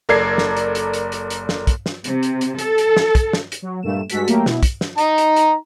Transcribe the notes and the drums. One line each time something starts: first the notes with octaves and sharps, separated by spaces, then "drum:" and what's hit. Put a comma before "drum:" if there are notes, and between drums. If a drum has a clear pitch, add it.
F#1 A4 A#4 D5 G#6 C7
drum: snare
drum: hi-hat
drum: hi-hat
drum: hi-hat
drum: hi-hat
drum: hi-hat
drum: snare
drum: kick, hi-hat
drum: snare
C3, drum: hi-hat
drum: hi-hat
drum: hi-hat
A4, drum: hi-hat
drum: hi-hat
drum: snare
drum: kick, hi-hat
drum: snare
drum: hi-hat
F#3
G2 A#2 A3 E7
G2 G#3 F#4 A4 B6, drum: hi-hat
F#3 A3 A#3 G4 A#4, drum: hi-hat
B2 E4, drum: snare
drum: kick, hi-hat
drum: snare
D#4 A#5, drum: hi-hat
drum: hi-hat
drum: hi-hat